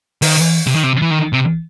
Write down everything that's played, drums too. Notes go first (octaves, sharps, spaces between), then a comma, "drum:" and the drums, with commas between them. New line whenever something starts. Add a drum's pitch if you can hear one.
D#3, drum: open hi-hat
C3
D#3
C3
E3
D#3
C3